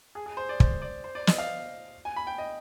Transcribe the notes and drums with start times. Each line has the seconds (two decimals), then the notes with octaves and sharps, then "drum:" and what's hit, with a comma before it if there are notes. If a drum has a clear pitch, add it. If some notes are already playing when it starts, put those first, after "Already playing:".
0.15 G#4
0.26 G#4
0.37 C5
0.49 D5
0.60 C5, drum: kick
0.82 D5
1.04 C5
1.15 D5
1.27 D#5, drum: snare
1.38 F5
2.05 G#5
2.16 B5
2.27 G5
2.38 D#5